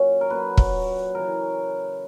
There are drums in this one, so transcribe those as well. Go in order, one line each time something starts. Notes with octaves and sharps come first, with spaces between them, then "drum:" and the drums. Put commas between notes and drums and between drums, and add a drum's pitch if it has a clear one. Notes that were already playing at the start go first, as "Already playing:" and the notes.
Already playing: A#2 F#3 C#4
A#4
A#2 F#3 B4
drum: kick
C#3 E3 A#4